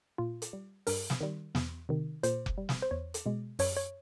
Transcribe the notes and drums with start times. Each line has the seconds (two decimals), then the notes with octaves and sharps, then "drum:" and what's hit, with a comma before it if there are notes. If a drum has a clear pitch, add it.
0.18 A#2 F4
0.42 drum: hi-hat
0.53 G3
0.87 G2 A#4, drum: open hi-hat
1.10 drum: snare
1.21 D#3 G3
1.55 E2, drum: snare
1.89 C3 D#3
2.23 A#2 C5, drum: hi-hat
2.46 drum: kick F1
2.58 G3
2.69 drum: snare
2.82 C5
2.91 E2 C#5
3.14 drum: hi-hat
3.26 B2 G#3
3.59 F#2 C#5, drum: open hi-hat
3.77 C#5